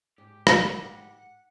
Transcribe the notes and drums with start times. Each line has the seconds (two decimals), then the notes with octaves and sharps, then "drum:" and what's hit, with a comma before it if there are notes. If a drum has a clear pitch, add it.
0.18 G#2 G4
0.47 drum: rim click
0.67 F#5